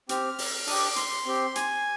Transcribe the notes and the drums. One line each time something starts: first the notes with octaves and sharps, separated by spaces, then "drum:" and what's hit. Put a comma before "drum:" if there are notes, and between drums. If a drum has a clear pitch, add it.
C4 G4 F6, drum: hi-hat
drum: open hi-hat
D4 G4 D#6, drum: open hi-hat
D6
D6
C6, drum: hi-hat
C4 G4
G#5, drum: hi-hat